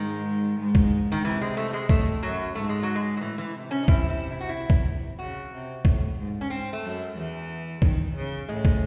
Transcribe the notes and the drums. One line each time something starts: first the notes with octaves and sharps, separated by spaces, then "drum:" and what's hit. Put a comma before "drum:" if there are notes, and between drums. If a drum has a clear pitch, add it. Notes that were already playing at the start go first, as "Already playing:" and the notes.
Already playing: G#2 D#3 G#3
G#2 G#3
drum: kick
D#3
C3 E3
G#3
A3
G#3
A2 A3, drum: kick
F#2 F#3
G#2 A3
G#3
F#3
G#3
F#3
A2 E3
E3
C3
C#4
D#4
E4, drum: kick
E4
E4
F#4
E4
drum: kick
C#3 F#4
C3
A2, drum: kick
G#2
C#4
G#2 C4
A3
F#2 F#3
E2 E3
D#3, drum: kick
C#3
A2 G#3
drum: kick